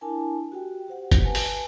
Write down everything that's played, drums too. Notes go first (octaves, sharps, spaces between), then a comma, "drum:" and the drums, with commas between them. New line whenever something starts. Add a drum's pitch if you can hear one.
D4 E4 A#4 G#5 A5
F#4 G4 G5
G4 C5 F#5
drum: kick, hi-hat
B4 G#5 A5
drum: open hi-hat